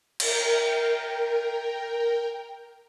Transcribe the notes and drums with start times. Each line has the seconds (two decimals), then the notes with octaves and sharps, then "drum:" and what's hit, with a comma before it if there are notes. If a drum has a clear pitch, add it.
0.20 A#4 G5, drum: cymbal